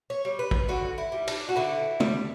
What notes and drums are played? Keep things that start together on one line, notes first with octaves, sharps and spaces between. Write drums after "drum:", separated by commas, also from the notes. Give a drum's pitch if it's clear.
C#5
G3
B4
drum: kick A1
D3 F#4
E4
G3
D4, drum: cymbal
F#4
D3 E4
G3, drum: tom